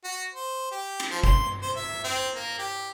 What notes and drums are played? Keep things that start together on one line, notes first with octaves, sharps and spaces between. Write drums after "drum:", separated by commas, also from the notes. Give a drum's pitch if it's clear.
F#4
C5
G4
drum: cymbal
F3
C6, drum: kick G1
C5
E5
C4
A#3
G4